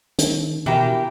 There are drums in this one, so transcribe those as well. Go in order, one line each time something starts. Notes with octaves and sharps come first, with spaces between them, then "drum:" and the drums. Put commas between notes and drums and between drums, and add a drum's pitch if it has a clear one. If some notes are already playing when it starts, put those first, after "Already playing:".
D#3, drum: hi-hat
B2 E3 G4 A#4